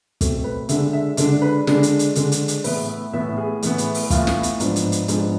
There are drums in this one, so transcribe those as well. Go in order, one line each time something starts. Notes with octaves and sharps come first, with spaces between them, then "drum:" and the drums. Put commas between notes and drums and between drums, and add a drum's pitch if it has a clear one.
B2 A3 C4, drum: kick, hi-hat
B4
D3 G#3 D4 E5, drum: hi-hat
E5
D3 G#3 D4 D5, drum: hi-hat
B4
D3 G#3 D4, drum: snare
drum: hi-hat
drum: hi-hat
D3 G#3 D4, drum: hi-hat
drum: hi-hat
drum: hi-hat
A2 E3 B3 B4, drum: open hi-hat
E5
A2 E3 B3 E5
G#4
A2 E3 B3, drum: hi-hat
drum: hi-hat
drum: open hi-hat
A2 E3 B3 F4, drum: kick, hi-hat
drum: snare
drum: hi-hat
G#2 F3 B3 D4, drum: hi-hat
drum: hi-hat
drum: hi-hat
G#2 F3 B3 D4 G#4, drum: hi-hat